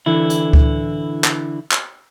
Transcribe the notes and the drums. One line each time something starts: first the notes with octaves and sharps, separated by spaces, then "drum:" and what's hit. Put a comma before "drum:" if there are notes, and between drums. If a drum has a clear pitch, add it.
D3 E3 E4
drum: hi-hat
drum: kick C#2
drum: clap
drum: clap